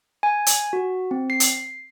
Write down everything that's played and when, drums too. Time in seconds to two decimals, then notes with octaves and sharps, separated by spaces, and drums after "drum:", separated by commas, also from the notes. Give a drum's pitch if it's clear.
0.23 G#5
0.46 drum: hi-hat
0.73 F#4
1.11 C4
1.30 C7
1.40 drum: hi-hat